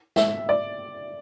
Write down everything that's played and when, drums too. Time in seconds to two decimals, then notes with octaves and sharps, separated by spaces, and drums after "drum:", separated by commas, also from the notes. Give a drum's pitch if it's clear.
0.16 E5, drum: snare
0.49 D5